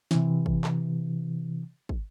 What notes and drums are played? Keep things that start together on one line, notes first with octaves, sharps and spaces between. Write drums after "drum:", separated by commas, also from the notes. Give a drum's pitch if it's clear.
C3 E3, drum: snare
drum: kick
drum: clap
drum: kick